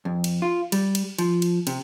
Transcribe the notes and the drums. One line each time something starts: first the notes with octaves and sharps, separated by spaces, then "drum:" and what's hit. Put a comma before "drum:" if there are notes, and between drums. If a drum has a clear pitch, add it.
F2
drum: cymbal
F4
G3, drum: cymbal
drum: cymbal
F3, drum: cymbal
drum: cymbal
C3, drum: cymbal